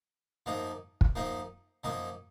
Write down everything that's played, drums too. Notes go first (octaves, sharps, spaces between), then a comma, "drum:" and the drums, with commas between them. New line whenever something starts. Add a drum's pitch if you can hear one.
F#2 F3 A#3 D#4
drum: kick
F#2 F3 A#3 D#4
F#2 F3 A#3 D#4